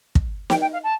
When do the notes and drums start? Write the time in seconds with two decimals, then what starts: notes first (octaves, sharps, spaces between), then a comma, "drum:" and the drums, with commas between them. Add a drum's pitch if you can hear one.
0.15 drum: kick
0.50 G5, drum: snare
0.61 G5
0.73 F5
0.83 A5